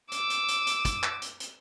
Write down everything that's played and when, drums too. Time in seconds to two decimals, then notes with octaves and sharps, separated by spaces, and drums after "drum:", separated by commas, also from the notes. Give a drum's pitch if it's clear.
0.12 D6 E6, drum: hi-hat
0.30 drum: hi-hat
0.48 drum: hi-hat
0.67 drum: hi-hat
0.85 drum: kick, hi-hat
1.03 drum: clap
1.22 drum: hi-hat
1.40 drum: hi-hat